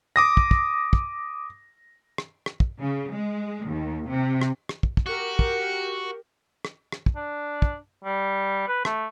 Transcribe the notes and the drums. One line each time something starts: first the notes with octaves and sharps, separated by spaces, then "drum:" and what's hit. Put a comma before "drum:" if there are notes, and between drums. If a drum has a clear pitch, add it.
D6 D#6 A#6
drum: kick
drum: kick
drum: kick
drum: rim click
drum: rim click
drum: kick
C#3
G#3
D#2
C3
drum: rim click
drum: rim click
drum: kick
drum: kick
F#4 G4 A#4
drum: kick
drum: rim click
drum: rim click
drum: kick
D4
drum: kick
G3
B4
A3, drum: rim click